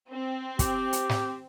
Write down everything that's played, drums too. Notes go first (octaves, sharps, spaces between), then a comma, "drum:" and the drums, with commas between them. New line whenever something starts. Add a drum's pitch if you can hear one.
C4
G4, drum: kick, hi-hat
drum: hi-hat
drum: snare